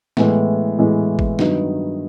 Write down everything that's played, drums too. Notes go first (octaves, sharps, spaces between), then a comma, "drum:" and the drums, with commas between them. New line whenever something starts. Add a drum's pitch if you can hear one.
A2 E3 G#3 B3, drum: snare
A2 E3 G#3 B3
drum: kick
G2 D#3 F#3 B3 D#4, drum: snare